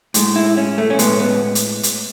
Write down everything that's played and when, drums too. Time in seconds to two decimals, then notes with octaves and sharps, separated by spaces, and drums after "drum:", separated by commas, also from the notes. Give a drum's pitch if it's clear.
0.14 A2 G#3, drum: hi-hat
0.36 E4
0.57 C#4
0.78 A3
0.90 C#4
0.99 A2 G#3 B3, drum: hi-hat
1.20 B3
1.55 drum: hi-hat
1.83 drum: hi-hat